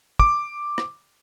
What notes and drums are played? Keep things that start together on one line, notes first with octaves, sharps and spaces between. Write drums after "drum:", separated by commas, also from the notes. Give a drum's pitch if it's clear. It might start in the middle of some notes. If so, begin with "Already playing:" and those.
D6, drum: kick
drum: rim click